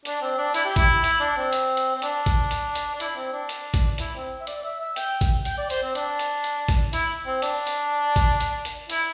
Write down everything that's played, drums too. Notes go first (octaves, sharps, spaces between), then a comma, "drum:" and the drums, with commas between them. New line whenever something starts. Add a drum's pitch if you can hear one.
D4, drum: hi-hat
C4
D4
E4, drum: hi-hat
G4
E4, drum: kick, hi-hat
E4, drum: hi-hat
D4
C4
drum: hi-hat
drum: hi-hat
C4
D4, drum: hi-hat
drum: kick, hi-hat
drum: hi-hat
drum: hi-hat
D4
E4, drum: hi-hat
C4
D4
drum: hi-hat
drum: kick, hi-hat
E4, drum: hi-hat
C4
E5
D5, drum: hi-hat
E5
E5
G5, drum: hi-hat
drum: kick, hi-hat
G5, drum: hi-hat
D5
C5, drum: hi-hat
C4
D4, drum: hi-hat
drum: hi-hat
drum: hi-hat
drum: kick, hi-hat
E4, drum: hi-hat
C4
D4, drum: hi-hat
drum: hi-hat
drum: kick, hi-hat
drum: hi-hat
drum: hi-hat
E4, drum: hi-hat